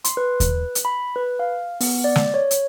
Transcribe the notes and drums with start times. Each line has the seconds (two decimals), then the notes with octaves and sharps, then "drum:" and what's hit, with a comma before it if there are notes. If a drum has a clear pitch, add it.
0.04 C6, drum: hi-hat
0.17 B4
0.40 drum: kick D#2, hi-hat
0.75 drum: hi-hat
0.85 B5
1.16 B4
1.39 F5
1.80 B3, drum: open hi-hat
2.04 D5
2.16 drum: snare
2.34 C#5
2.51 drum: hi-hat